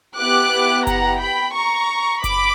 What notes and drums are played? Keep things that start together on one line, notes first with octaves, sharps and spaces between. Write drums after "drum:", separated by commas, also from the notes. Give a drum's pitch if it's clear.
B3 E4 G4 D6 F#6
F#5 A#5, drum: kick F#1, hi-hat
G5 B5
A#5 C#6
B5 D6, drum: kick F#1, hi-hat